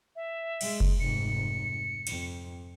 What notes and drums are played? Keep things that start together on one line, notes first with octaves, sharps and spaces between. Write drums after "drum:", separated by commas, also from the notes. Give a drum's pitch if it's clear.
E5
G#3, drum: cymbal
drum: kick F#1
F1 G#2 C#7
F2, drum: cymbal